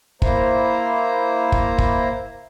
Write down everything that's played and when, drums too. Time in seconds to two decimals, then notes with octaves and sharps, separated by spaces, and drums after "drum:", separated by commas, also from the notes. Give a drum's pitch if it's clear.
0.22 A#3 E4 C5 A#5, drum: kick
1.52 drum: kick
1.78 drum: kick